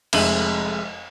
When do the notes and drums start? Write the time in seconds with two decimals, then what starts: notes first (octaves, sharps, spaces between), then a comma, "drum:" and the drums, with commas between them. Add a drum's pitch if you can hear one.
0.13 F1 F2 G#3 E5 D#7 F#7, drum: cymbal